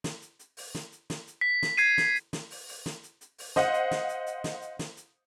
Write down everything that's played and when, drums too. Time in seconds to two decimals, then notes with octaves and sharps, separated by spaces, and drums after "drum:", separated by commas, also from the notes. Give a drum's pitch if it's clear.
0.04 drum: snare
0.22 drum: hi-hat
0.39 drum: hi-hat
0.57 drum: open hi-hat
0.75 drum: snare
0.92 drum: hi-hat
1.10 drum: snare
1.27 drum: hi-hat
1.41 B6
1.63 drum: snare
1.77 G#6 C7 D#7, drum: hi-hat
1.98 drum: snare
2.15 drum: hi-hat
2.33 drum: snare
2.51 drum: open hi-hat
2.68 drum: open hi-hat
2.86 drum: snare
3.03 drum: hi-hat
3.21 drum: hi-hat
3.38 drum: open hi-hat
3.56 C5 D#5 F5 F#5, drum: snare
3.74 drum: hi-hat
3.91 drum: snare
4.09 drum: hi-hat
4.26 drum: hi-hat
4.44 drum: snare
4.62 drum: hi-hat
4.79 drum: snare
4.97 drum: hi-hat